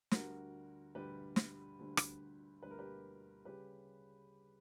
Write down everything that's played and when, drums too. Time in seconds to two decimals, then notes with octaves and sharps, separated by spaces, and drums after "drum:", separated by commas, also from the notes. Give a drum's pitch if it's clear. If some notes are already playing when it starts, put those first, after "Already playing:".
0.11 D2 D3 G3 F#4 A#4, drum: snare
0.95 D2 D3 G3 G4 B4
1.36 drum: snare
1.79 D2 D3 G3
1.97 drum: rim click
2.63 D2 D3 G3 B4
2.71 A#4
2.78 G4 B4
3.45 C#3 G3 G4 B4